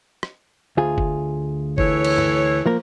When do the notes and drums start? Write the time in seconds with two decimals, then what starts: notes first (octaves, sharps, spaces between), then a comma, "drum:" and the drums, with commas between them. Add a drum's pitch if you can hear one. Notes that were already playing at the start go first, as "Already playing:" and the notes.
0.23 drum: rim click
0.77 D2 F4 G#4
0.98 drum: kick F#1
1.78 E3 A4 C#5, drum: kick F#1
2.05 drum: cymbal
2.18 drum: tom G2
2.66 F3 A#3 A#4